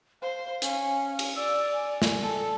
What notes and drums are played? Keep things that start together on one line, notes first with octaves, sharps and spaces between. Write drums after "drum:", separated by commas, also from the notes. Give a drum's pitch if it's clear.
C5 F5
C#4, drum: hi-hat
drum: cymbal
D5 E6
G#5
drum: snare
A4